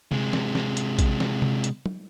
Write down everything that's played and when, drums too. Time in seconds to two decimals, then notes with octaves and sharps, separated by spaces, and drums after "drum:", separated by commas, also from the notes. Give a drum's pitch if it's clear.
0.12 C3 G#3, drum: tom C3
0.33 drum: snare
0.55 drum: snare
0.77 drum: hi-hat
0.99 drum: kick A#1, hi-hat
1.20 drum: snare
1.42 drum: tom C3
1.64 drum: hi-hat
1.86 drum: tom